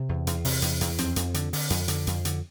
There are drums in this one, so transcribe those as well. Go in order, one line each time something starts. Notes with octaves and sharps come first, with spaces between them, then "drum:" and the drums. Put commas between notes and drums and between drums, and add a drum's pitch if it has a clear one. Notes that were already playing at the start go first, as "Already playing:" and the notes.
Already playing: C3 C4
E2
E2, drum: hi-hat
C3, drum: open hi-hat
E2, drum: hi-hat
E2, drum: hi-hat
F2 C4, drum: hi-hat
F2, drum: hi-hat
D3, drum: hi-hat
D3, drum: open hi-hat
F2, drum: hi-hat
D3, drum: hi-hat
F2, drum: hi-hat
D3, drum: hi-hat